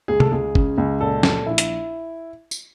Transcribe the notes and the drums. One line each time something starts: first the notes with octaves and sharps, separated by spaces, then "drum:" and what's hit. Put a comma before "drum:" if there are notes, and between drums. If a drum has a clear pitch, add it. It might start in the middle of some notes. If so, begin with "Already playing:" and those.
C#2 G#4
A4, drum: tom C3
C#2 G#4
C#3, drum: kick
C#2
A#2 A4
A#2 A4, drum: snare
A#1 E4
drum: hi-hat
drum: tambourine